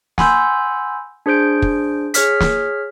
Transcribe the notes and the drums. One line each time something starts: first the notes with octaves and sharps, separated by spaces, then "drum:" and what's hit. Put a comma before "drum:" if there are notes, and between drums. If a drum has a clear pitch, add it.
F#5 G#5 B5 C6 E6 G6, drum: snare
D4 G#4 C5 G6 D7
drum: kick
G#4 C#5 F6 B6, drum: hi-hat
drum: snare